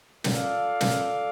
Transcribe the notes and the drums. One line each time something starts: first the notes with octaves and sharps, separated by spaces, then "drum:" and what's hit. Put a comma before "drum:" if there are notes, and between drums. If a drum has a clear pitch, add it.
F4 A4 D5 F5, drum: snare
drum: snare